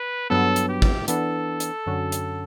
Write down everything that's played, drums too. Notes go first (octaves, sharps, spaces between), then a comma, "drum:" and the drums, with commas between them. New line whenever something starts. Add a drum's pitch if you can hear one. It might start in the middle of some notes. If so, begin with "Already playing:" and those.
Already playing: B4
G2 F#3 B3 A4
drum: hi-hat
G4
drum: kick
E3 B3 D4 A4, drum: hi-hat
drum: hi-hat
F#2 D3 F#3 C#4 F#4
drum: hi-hat